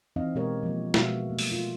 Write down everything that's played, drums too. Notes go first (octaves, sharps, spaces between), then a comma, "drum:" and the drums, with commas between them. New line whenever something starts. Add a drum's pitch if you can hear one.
E3 C4 D#4 D#5 F5
B2 G#3 G4 A#4 C#5 D#5
F3 A#3
B2 G#3 B3 F#4 E5 F5, drum: snare
A3 A#3
drum: open hi-hat
F4